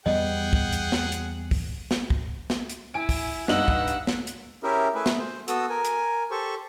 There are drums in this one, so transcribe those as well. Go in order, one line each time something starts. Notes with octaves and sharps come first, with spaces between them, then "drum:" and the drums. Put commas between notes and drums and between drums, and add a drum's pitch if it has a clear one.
E2 G3 B3 G#4 D#5 F#5 G5
drum: kick
drum: hi-hat
drum: snare
drum: hi-hat
drum: kick, open hi-hat
drum: snare
drum: kick
drum: snare
drum: hi-hat
E4 G#5 D7
drum: kick, open hi-hat
G2 D#4 F#5 E6 F#7, drum: snare
drum: kick
drum: hi-hat
drum: snare
drum: hi-hat
C#4 E4 G4 G#4 A#4 E5
A3 E4 G#4 B4 E5
drum: snare
C5
B3 F#4 A4 D#6 E6, drum: hi-hat
A#4 G#5
drum: hi-hat
G4 A4 C5 C#6